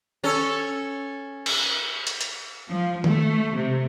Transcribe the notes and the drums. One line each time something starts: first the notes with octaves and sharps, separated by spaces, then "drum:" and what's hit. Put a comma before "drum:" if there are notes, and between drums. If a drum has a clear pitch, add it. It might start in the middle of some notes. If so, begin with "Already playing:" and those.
C#4 A4
drum: cymbal
drum: hi-hat
drum: hi-hat
F3
A3, drum: tom D#3
C3